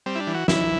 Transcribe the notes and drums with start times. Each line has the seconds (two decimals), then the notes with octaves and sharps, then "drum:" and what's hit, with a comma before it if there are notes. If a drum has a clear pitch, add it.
0.06 G3 C4
0.15 E4
0.20 D4
0.27 E3
0.34 F#4
0.48 E3 E4, drum: snare